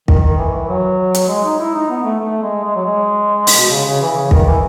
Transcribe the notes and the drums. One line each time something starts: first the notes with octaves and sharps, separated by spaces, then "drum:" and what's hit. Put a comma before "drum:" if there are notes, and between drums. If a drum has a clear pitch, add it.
D#3, drum: kick
D#3
E3
E3
F#3
drum: hi-hat
G#3
D#4
E4
D#4
B3
A3
A3
G#3
G#3
F#3
G#3
drum: open hi-hat
B2
C#3
C#3
E3
C#3
D#3, drum: kick
E3